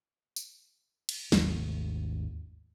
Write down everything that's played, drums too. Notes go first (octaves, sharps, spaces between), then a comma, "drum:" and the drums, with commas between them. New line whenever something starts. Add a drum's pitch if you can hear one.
drum: tambourine
drum: cymbal
G#1 D#2 A3, drum: snare